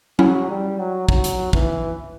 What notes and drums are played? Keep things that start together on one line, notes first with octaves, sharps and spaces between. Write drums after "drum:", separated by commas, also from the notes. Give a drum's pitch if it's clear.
F#3 C#4 E4, drum: tom F#3
G3
F#3
F#3, drum: kick
drum: hi-hat
E3, drum: kick